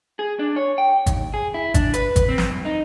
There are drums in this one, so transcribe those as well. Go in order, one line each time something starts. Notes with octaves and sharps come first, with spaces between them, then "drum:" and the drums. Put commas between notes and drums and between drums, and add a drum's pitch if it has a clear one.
G#4
D4
C#5
G5
D#2, drum: kick G#1, hi-hat
G#4
E4
D4, drum: kick G#1, hi-hat
B4, drum: hi-hat
drum: kick G#1, hi-hat
C4
drum: snare
C2
D#4